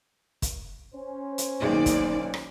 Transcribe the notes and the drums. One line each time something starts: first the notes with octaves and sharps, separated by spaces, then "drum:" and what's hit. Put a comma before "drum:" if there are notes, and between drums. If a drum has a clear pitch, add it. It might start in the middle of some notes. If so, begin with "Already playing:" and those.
drum: kick, hi-hat
C#4 C5
drum: hi-hat
B1 D#3 G#3 A#3 D#4 D5
drum: kick, hi-hat
drum: rim click